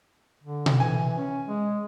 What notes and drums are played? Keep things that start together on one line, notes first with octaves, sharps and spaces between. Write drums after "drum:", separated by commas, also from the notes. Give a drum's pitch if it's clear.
D3
drum: tom B2
E3 G#5
C#4
G#3